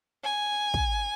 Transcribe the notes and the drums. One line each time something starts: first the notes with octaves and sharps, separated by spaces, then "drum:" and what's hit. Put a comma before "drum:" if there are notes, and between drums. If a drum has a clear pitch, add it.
G#5
drum: kick